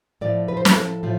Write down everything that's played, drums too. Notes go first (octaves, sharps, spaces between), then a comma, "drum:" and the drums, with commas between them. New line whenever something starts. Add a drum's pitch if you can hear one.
A2 F3 D5
B4
C5
B4, drum: snare
A4
A2 F3